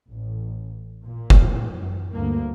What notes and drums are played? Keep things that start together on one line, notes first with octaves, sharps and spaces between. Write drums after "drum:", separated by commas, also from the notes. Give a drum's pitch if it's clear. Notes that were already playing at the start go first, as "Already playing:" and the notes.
A1
A#2
drum: kick F1
F#2
D2 G2 A#3